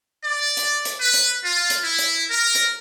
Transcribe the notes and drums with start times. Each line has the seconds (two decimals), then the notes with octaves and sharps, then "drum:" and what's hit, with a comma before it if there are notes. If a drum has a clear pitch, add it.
0.25 D5
0.57 drum: hi-hat
0.85 drum: hi-hat
1.01 B4
1.14 drum: hi-hat
1.45 F4
1.70 drum: hi-hat
1.84 E4
1.98 drum: hi-hat
2.31 A#4
2.55 drum: hi-hat